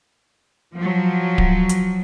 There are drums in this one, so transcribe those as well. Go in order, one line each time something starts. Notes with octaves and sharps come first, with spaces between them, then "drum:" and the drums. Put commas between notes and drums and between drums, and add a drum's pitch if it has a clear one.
F3 F#3
drum: kick D1
drum: hi-hat